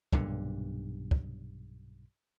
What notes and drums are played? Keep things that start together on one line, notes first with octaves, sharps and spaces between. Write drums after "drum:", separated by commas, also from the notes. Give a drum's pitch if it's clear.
B1 G2 A#2 D3, drum: kick
drum: kick